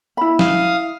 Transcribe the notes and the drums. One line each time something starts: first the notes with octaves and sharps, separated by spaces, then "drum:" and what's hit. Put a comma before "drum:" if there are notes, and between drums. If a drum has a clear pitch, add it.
E4 B5
F5 D#6, drum: snare